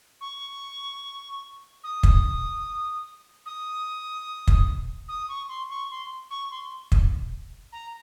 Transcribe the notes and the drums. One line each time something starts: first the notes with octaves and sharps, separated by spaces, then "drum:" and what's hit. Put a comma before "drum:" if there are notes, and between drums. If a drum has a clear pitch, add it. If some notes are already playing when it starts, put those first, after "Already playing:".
C#6
D#6
drum: kick
D#6
drum: kick
D#6
C#6
C6
C#6
C6
C#6
C6
drum: kick
A#5